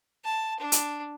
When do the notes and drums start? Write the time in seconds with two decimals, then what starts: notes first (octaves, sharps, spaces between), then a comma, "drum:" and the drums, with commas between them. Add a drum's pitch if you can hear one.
0.24 A5
0.60 D4
0.72 drum: hi-hat